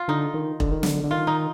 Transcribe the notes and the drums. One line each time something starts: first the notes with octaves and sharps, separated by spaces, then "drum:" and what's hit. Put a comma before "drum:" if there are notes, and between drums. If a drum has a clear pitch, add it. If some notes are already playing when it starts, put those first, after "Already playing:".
Already playing: F4
D3 D#4
D#3
D3, drum: kick E1
D#3
D3, drum: snare
D3
D#3 F4
D#4